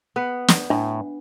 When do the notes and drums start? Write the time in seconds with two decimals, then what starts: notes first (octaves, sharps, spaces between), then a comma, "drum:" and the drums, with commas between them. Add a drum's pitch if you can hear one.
0.16 B3 B4
0.48 drum: snare
0.70 A2 D4